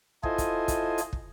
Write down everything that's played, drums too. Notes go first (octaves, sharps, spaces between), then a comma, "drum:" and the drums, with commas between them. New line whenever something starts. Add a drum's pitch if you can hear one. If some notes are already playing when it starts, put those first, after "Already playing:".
E4 F4 A4 C5 D#5 G#5, drum: kick
drum: kick, hi-hat
drum: kick, hi-hat
drum: hi-hat
drum: kick